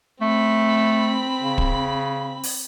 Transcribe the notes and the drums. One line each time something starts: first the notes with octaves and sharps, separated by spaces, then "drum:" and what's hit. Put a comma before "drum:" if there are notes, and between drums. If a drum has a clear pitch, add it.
A3 C4 B5
C#3
drum: kick
drum: open hi-hat